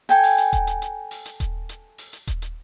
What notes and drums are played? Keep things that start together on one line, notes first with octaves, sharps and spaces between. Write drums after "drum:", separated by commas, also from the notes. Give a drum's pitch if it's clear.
A4 G5 G#5
drum: open hi-hat
drum: hi-hat
drum: kick D#1, hi-hat
drum: hi-hat
drum: hi-hat
drum: open hi-hat
drum: hi-hat
drum: kick D#1, hi-hat
drum: hi-hat
drum: open hi-hat
drum: hi-hat
drum: kick D#1, hi-hat
drum: hi-hat